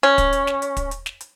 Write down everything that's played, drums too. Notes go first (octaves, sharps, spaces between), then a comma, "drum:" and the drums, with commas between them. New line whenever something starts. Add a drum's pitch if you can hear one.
C#4
drum: kick, hi-hat
drum: hi-hat
drum: snare
drum: hi-hat
drum: kick, hi-hat
drum: hi-hat
drum: snare
drum: hi-hat